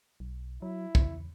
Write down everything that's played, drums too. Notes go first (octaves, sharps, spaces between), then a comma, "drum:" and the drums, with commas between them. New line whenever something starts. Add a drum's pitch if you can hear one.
B1
F#3 E4
E2, drum: kick